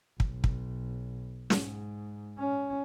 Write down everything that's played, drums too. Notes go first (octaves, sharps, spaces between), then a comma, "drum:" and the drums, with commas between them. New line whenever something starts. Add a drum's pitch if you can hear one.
B1, drum: kick
drum: kick
G#2, drum: snare
C#4